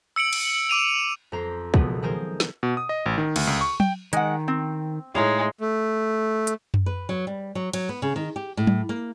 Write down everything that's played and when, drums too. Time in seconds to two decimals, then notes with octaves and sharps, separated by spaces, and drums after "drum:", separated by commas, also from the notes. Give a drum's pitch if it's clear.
0.16 E6 C#7 D7 F#7
0.33 drum: cymbal
0.69 D6 D#7 F7
1.32 F2 A#3 C5 A#5 C7
1.74 F#1 C#2 B2 F3 B3, drum: kick
2.02 D#3 F3 G#4 A#4 C5
2.40 drum: snare
2.63 B2
2.77 D#6
2.89 D#5
3.06 A1
3.18 D#3
3.36 D2, drum: cymbal
3.47 C#2
3.61 C#6
3.80 G5, drum: tom F#3
4.13 D#3 G#3 F#5, drum: hi-hat
4.48 C4
5.15 A2 G#3 D#4 F5
5.61 A3
6.47 drum: hi-hat
6.74 drum: tom F#2
6.86 B4
7.09 F#3
7.27 G3
7.55 F#3
7.73 F#3, drum: cymbal
7.89 B3
8.02 C#3
8.16 D#3
8.36 G4
8.57 A2
8.67 drum: tom F#3
8.89 A#3